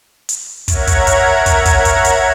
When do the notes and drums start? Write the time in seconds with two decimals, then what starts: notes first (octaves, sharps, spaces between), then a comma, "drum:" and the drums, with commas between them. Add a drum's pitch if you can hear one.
0.29 drum: hi-hat
0.68 A#4 C#5 E5 F#5 A#5 G#6, drum: kick, hi-hat
0.87 drum: kick, hi-hat
1.07 drum: hi-hat
1.46 drum: kick, hi-hat
1.65 drum: kick, hi-hat
1.85 drum: hi-hat
2.05 drum: hi-hat